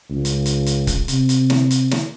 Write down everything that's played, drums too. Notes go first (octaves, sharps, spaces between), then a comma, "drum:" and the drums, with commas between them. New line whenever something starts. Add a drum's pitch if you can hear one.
C#2
drum: hi-hat
drum: hi-hat
drum: hi-hat
drum: kick C#1, hi-hat
C3, drum: hi-hat
drum: hi-hat
drum: snare
drum: hi-hat
drum: snare